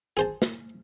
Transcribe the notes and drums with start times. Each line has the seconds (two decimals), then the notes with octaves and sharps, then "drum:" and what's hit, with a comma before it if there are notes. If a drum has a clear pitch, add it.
0.17 G#4 C5 A5
0.42 drum: snare